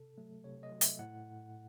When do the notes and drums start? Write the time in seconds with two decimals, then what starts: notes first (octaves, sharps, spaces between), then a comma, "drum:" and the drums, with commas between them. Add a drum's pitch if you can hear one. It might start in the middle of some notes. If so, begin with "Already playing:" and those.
Already playing: C3 A4
0.18 F#3 A3
0.44 C3 C#5
0.63 D#5
0.72 F#3 A3
0.81 E5, drum: hi-hat
0.99 A2 F#5